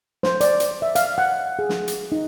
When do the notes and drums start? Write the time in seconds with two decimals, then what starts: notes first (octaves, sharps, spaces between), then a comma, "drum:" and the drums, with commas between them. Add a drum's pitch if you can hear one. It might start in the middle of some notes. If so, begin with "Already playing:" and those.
0.23 C5, drum: snare
0.41 D5, drum: hi-hat
0.60 drum: hi-hat
0.82 E5
0.95 F5, drum: hi-hat
1.18 F#5
1.59 G#4
1.69 drum: snare
1.88 drum: hi-hat
2.12 D#4